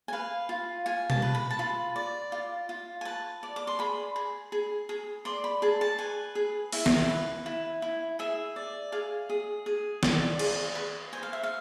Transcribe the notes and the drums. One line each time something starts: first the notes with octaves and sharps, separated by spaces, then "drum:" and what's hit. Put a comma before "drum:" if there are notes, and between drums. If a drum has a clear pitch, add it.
G#5
B4 F5
F4
F4 G#5
A5, drum: tom B2
B4
B5
A5
F4 B5
D5
F4
F4
G#5
B4 A5
D5
D6
C6
G#4 B5
G#4
G#4
G#4
D5 C6
B5
G#4 A5
A5
B4 G#5
G#4
E4 E5, drum: open hi-hat
drum: snare
B4
E4
E4
G#4 E5
D5
G#4 F5
G#4
G#4
D5, drum: snare
G#4, drum: cymbal
B4
C5 G#5
F5
E5
F5